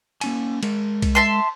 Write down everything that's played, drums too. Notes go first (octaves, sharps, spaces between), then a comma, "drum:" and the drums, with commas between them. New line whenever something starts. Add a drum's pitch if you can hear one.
A#3 C#4 G#5, drum: cymbal
G#3 A#4, drum: cymbal
drum: kick C2, cymbal
E5 A5 C6